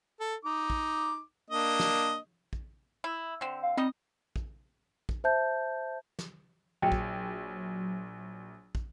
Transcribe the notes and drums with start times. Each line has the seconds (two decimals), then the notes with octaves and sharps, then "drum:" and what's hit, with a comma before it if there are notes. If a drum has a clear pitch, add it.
0.20 A4
0.45 D#4 D6
0.70 drum: kick
1.51 A#3 D4 D#5
1.80 drum: snare
2.53 drum: kick
3.04 E4
3.41 D3 C4
3.62 F5
3.77 G3 C4 D#4 D#5
4.36 drum: kick
5.09 drum: kick
5.24 C5 E5 A5 G6
6.19 drum: snare
6.82 A#1 F#3 G5
6.92 drum: kick
8.75 drum: kick